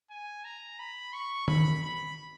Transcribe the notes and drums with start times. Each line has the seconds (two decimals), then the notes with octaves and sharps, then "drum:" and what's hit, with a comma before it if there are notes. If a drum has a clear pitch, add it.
0.10 G#5
0.44 A#5
0.79 B5
1.13 C#6
1.48 B5, drum: tom
1.83 B5